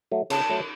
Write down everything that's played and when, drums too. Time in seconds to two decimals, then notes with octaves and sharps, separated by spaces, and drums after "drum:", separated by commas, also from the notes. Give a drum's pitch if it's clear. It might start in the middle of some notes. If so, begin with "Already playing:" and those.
0.12 F#3 A3
0.30 C#3 A5, drum: cymbal
0.49 F#3 A3